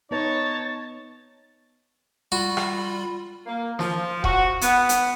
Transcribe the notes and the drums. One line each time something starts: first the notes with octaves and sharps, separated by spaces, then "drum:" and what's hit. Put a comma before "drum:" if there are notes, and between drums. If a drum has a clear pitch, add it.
B3 D#4 B4 C#5 D#5 A5
G3 F4 F#4 B5
drum: rim click
A#3
F3, drum: snare
F#4, drum: kick E1
B3, drum: hi-hat
drum: hi-hat